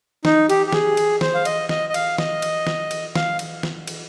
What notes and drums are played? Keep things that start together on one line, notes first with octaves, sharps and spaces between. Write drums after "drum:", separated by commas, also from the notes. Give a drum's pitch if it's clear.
D#4, drum: snare
G4, drum: cymbal
G4
G#4, drum: snare
drum: cymbal
C5, drum: snare
F5
D#5, drum: cymbal
D#5, drum: snare
D#5
F5, drum: cymbal
D#5, drum: snare
drum: cymbal
drum: snare
drum: cymbal
F5, drum: snare
drum: cymbal
drum: snare
drum: cymbal